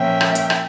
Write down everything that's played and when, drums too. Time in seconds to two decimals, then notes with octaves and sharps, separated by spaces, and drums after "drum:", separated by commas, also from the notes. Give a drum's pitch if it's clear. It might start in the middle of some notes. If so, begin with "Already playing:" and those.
Already playing: A#2 F3 A#3 C#4 E5 G5
0.21 drum: rim click
0.35 drum: hi-hat
0.50 drum: rim click